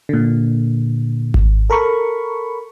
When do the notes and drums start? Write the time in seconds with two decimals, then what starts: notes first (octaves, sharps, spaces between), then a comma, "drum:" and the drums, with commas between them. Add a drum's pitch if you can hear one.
0.09 A#2 D3
1.34 drum: kick G#1
1.70 A4 A#4 B5 C#6